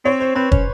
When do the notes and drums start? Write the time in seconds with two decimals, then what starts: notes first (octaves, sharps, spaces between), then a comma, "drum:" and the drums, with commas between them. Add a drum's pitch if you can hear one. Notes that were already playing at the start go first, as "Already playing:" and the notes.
0.05 C4 C#5
0.20 C5
0.35 C4 B4
0.52 C#4, drum: kick